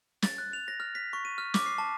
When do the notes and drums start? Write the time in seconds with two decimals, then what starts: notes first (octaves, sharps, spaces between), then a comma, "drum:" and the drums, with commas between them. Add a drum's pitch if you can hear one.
0.22 A6, drum: snare
0.38 F#6
0.53 F7
0.68 A#6
0.80 F6
0.95 B6
1.13 C#6
1.25 D#7
1.38 F6
1.54 D6, drum: snare
1.66 C7
1.78 A5